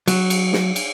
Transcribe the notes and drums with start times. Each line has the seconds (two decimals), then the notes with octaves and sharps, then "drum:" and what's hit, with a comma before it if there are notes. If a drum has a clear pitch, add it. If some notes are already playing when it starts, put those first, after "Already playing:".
0.08 F#3, drum: cymbal
0.30 drum: cymbal
0.53 drum: snare
0.76 drum: cymbal